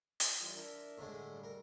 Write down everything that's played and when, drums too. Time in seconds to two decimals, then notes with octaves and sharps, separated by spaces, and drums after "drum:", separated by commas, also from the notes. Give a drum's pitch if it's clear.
0.20 drum: hi-hat
0.40 E3 G3 F4
0.54 D4 A#4 E5
0.98 A2 D3 G#3
1.24 G3
1.44 A#4